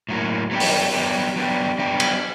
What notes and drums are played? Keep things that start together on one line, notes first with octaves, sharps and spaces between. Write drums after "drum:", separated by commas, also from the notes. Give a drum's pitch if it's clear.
A2 F#3 A#3
F#3 B3 D4 G4
drum: open hi-hat
F#3 B3 D4 G4
F#3 B3 D4 G4
F#3 B3 D4 G4
drum: cymbal